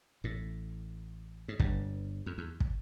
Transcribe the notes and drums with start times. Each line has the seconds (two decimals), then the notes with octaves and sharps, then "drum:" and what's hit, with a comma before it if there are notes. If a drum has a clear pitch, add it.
0.24 A1 A2
1.48 G#2
1.60 G1 G2, drum: kick
2.26 F2
2.38 E2
2.60 drum: kick